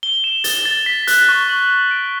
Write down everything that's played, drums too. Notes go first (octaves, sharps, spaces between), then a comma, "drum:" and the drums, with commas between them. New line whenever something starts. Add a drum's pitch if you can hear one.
G7
E7
A6, drum: hi-hat
A6
B6
F#6, drum: hi-hat
C#6
F#7
F#7
D7